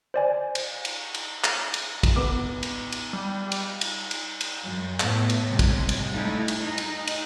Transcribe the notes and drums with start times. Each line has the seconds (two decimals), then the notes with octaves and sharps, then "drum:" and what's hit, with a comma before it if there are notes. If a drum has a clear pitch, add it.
0.14 C5 D5 G#5
0.55 drum: cymbal
0.85 drum: cymbal
1.14 drum: cymbal
1.44 drum: clap
1.74 drum: cymbal
2.03 drum: kick, cymbal
2.16 B3 D6
2.63 drum: cymbal
2.92 drum: cymbal
3.13 G3
3.52 drum: cymbal
3.81 drum: cymbal
4.11 drum: cymbal
4.41 drum: cymbal
4.63 F#2
5.00 A2 B3, drum: clap
5.30 drum: cymbal
5.46 A2 C3 G3 G#3
5.59 drum: kick, cymbal
5.89 drum: cymbal
6.10 G3 A3 D#4 E4
6.48 drum: cymbal
6.60 D#4
6.78 drum: cymbal
7.07 drum: cymbal